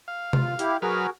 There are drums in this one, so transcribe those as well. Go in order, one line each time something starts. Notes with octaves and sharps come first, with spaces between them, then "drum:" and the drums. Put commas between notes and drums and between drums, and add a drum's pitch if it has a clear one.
F5
F4, drum: tom C3
E4 G4, drum: hi-hat
F#3 F#4 G#4 A#4 B4 F6